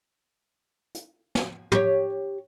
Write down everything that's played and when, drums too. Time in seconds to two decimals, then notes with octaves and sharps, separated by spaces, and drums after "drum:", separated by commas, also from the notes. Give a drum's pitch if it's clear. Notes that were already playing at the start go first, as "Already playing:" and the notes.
0.95 drum: hi-hat
1.35 drum: snare
1.72 G4 C#5, drum: tom